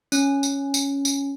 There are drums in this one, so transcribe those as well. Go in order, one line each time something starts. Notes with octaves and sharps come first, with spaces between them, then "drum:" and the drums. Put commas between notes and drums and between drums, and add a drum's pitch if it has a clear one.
C#4, drum: tambourine
drum: tambourine
drum: tambourine
drum: tambourine